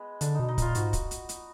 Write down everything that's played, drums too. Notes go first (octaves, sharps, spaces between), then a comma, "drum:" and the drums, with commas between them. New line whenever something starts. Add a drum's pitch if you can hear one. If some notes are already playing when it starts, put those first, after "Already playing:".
Already playing: G#3 B3
D3 D4, drum: hi-hat
B2 D#4
D#4
A#2 F4, drum: kick, hi-hat
G#2 F#4, drum: hi-hat
drum: kick, hi-hat
drum: hi-hat
drum: hi-hat